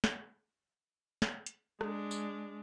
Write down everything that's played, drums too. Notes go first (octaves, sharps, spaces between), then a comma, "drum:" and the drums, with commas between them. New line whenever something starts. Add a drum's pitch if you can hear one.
drum: snare
drum: snare
drum: hi-hat
G#3 D4, drum: rim click
drum: tambourine